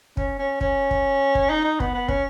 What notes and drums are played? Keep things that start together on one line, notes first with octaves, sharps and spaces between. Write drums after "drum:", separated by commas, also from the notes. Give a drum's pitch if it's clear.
C#4, drum: kick
C#4
C#4, drum: kick
drum: kick
drum: kick
D#4
D#4
B3, drum: kick
B3
C#4, drum: kick